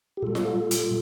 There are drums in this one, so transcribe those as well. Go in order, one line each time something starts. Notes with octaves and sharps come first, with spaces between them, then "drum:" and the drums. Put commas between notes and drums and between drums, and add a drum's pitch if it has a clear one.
G4
A#2 G3 F4 A4
drum: snare F4
drum: hi-hat